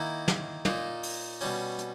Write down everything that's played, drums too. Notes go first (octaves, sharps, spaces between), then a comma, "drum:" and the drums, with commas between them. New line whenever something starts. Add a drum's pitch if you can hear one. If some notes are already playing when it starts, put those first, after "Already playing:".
Already playing: D#3 A#3 E4
drum: snare
A#2 A#3 D#4, drum: tom
drum: open hi-hat
B2 G3 C#4, drum: open hi-hat
drum: hi-hat